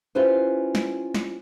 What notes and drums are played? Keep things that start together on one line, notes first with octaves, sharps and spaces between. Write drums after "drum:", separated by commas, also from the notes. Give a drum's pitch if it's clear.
C#4 E4 F4 G4 B4 C5
drum: snare
drum: snare